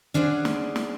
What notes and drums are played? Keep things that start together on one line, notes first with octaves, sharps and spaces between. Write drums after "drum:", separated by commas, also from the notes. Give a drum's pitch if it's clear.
C#4 D4 G#4 C5 F#5
drum: snare
drum: snare